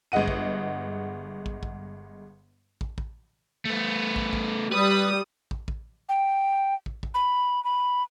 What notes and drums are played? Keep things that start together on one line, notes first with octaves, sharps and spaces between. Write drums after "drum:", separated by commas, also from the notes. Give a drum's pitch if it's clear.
G1 G#3 D#5 F#5 D#7
drum: kick
drum: kick
drum: kick
drum: kick
drum: kick
A3 B3
drum: kick
drum: kick
G3 B4 D#6
drum: kick
drum: kick
G5
drum: kick
drum: kick
B5
B5